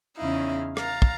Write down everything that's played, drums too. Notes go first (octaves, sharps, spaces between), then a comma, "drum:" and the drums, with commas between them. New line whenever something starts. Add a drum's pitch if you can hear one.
E2 C#3 C#4 D#4 E4 F5
F5 A#5 A6, drum: rim click
drum: kick